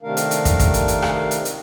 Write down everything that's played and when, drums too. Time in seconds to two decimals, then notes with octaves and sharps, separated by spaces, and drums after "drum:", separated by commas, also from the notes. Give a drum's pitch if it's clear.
0.02 C3 D#3 A3 D4 A#4 F5
0.17 drum: hi-hat
0.31 drum: hi-hat
0.45 drum: kick, hi-hat
0.60 drum: kick, hi-hat
0.74 drum: hi-hat
0.88 drum: hi-hat
1.02 drum: rim click
1.31 drum: hi-hat
1.45 drum: hi-hat